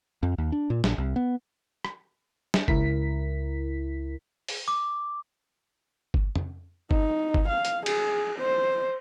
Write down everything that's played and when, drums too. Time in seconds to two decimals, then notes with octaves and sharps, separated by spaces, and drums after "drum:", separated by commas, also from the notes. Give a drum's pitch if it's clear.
0.23 F2
0.38 D#2
0.52 D4
0.70 A#2
0.84 A#1, drum: snare
0.98 C2
1.16 B3
1.85 drum: rim click
2.54 drum: snare
2.68 C#2 E4 A#4 B6, drum: kick G1
4.48 drum: open hi-hat
4.68 D6
6.14 drum: kick G1
6.35 drum: tom F2
6.91 D#4, drum: kick G1
7.34 drum: kick G1
7.49 F5
7.65 drum: hi-hat
7.86 G#4, drum: cymbal
8.39 C5